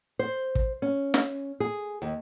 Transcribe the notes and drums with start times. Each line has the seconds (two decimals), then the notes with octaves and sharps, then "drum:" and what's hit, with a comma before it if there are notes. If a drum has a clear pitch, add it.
0.19 C5
0.55 drum: kick
0.82 C#4
1.14 drum: snare
1.60 G#4
2.02 D#2